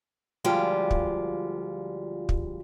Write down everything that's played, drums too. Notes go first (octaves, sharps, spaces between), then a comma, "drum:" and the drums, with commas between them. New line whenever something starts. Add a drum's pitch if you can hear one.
D2 F3 G3 G#3 F4 G5
drum: kick
drum: kick